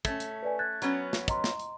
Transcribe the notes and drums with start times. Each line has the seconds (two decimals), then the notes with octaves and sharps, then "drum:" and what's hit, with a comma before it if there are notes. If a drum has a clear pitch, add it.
0.05 A3 C#4 G#6, drum: kick, hi-hat
0.20 drum: hi-hat
0.43 B4 D5 G#5
0.59 F#6 G#6 A6
0.82 F#3 B3 C#4, drum: hi-hat
1.13 drum: snare
1.28 D#5 A#5 C6, drum: kick, hi-hat
1.44 drum: snare
1.59 drum: hi-hat